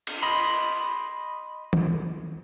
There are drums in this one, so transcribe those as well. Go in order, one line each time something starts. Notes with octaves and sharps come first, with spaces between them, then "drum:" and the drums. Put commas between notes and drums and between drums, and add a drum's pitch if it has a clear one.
drum: cymbal
D#5 B5 C6
drum: tom D#3